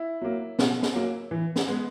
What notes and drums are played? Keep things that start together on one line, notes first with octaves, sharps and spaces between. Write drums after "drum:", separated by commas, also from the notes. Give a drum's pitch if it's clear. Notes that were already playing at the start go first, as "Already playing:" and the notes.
Already playing: E4
F#3 A#3
B2, drum: snare
drum: snare
F#3 A#3
E3
drum: snare
G#3 B3